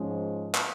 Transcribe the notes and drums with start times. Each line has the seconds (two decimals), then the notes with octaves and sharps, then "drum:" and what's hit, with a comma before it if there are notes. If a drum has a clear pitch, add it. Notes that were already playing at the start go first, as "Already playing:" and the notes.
Already playing: G#2 F3 G#3 C#4
0.54 drum: clap